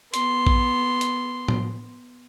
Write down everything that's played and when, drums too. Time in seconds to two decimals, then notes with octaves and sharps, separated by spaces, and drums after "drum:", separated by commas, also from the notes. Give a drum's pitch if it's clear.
0.14 B3 C6, drum: hi-hat
0.47 drum: kick A#1
1.01 drum: hi-hat
1.48 drum: tom